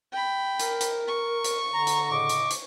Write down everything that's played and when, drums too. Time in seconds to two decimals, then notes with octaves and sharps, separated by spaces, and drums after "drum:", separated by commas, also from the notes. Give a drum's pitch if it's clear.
0.12 G5 B5
0.59 A#4, drum: hi-hat
0.80 drum: hi-hat
1.08 C#6
1.44 drum: hi-hat
1.74 D3 A#5
1.87 drum: hi-hat
2.12 A2 C#3 D#5 D6
2.29 drum: hi-hat
2.50 drum: hi-hat